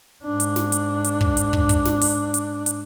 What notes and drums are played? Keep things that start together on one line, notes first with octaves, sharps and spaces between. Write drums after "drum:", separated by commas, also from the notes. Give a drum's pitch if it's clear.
G#2 D4
drum: hi-hat
drum: snare
drum: hi-hat
drum: hi-hat
drum: kick
drum: hi-hat
drum: kick
drum: kick, hi-hat
drum: snare
drum: open hi-hat
drum: hi-hat
drum: hi-hat